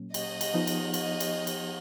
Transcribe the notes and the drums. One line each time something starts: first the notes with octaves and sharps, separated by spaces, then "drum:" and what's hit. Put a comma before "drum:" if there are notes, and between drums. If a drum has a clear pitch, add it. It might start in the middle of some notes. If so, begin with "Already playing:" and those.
Already playing: A#2 F#3 A#3 C#4
D#5, drum: cymbal
drum: cymbal
F3 B3 D#4
drum: cymbal
D#5, drum: cymbal
drum: cymbal
drum: cymbal